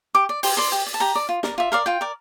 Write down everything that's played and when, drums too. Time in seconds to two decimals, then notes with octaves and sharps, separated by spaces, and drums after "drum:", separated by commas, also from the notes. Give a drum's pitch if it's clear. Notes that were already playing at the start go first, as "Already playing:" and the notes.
0.15 G4 D6
0.29 D5
0.43 G4 C6, drum: open hi-hat
0.57 D5 C6
0.72 G4
0.87 D5
0.94 A5
1.00 G4 A#5
1.15 D5
1.29 F4
1.43 A#4 D5, drum: snare
1.58 F4 E5
1.72 A#4 D5 F5
1.86 F4 G5
2.01 A#4 D5